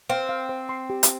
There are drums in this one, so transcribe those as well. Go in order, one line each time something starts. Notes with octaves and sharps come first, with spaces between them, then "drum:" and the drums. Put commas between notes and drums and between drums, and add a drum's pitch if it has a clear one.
C4 F5
F5
C5
C6
G4
drum: hi-hat